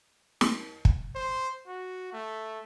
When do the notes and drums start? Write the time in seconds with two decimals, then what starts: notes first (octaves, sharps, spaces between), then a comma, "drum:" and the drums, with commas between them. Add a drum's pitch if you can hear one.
0.41 drum: snare
0.85 drum: kick
1.15 C5
1.67 F#4
2.13 A3